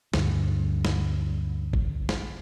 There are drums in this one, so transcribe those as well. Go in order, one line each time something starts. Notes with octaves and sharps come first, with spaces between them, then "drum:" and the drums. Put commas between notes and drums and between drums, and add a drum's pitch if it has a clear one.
D2 G2, drum: snare
drum: snare
drum: kick G#1
drum: snare